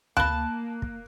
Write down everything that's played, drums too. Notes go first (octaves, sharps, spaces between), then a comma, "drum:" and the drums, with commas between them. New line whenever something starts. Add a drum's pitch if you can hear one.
A#3 F5 A5 B5 F#6, drum: tom D2
drum: kick